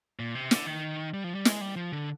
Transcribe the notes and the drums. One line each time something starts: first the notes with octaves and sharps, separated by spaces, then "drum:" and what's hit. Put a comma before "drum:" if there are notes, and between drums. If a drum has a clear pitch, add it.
A#2
C3
D3, drum: snare
D#3
G3
F3
G3
G#3, drum: snare
G3
F3
D3